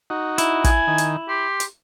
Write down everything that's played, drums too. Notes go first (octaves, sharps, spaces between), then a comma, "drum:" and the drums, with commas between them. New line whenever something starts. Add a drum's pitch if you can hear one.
D#4 F#4
E4, drum: hi-hat
G#5, drum: kick, hi-hat
D#3
drum: hi-hat
G4 C6
drum: hi-hat